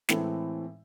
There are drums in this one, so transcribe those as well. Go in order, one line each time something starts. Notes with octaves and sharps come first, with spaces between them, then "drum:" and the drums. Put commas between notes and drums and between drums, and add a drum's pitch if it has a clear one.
A2 E3 G#3 C4 A4, drum: snare